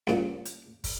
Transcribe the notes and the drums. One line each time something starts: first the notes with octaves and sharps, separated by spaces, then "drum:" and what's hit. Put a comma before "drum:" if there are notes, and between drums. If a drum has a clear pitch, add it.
C2 A#2, drum: snare C#4
drum: hi-hat
drum: kick, open hi-hat